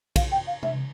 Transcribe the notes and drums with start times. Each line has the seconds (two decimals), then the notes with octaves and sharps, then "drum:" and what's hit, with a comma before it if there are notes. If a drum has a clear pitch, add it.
0.16 F5, drum: kick, cymbal
0.31 G5
0.47 F5
0.63 E5, drum: tom C3